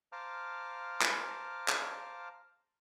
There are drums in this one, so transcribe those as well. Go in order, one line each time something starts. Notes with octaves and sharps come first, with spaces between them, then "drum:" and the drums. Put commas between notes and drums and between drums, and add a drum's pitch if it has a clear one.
C5 F5 A5 A#5 D6 F6
drum: clap
drum: clap